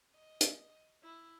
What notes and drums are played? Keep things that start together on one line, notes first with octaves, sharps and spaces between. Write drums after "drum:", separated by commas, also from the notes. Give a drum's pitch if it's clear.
D#5
drum: hi-hat
E4